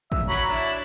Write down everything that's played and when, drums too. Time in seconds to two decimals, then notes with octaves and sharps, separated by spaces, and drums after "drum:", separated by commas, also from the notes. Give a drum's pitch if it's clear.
0.12 E5, drum: kick A1
0.28 F#3 C#5 A#5 B5
0.49 D4 E4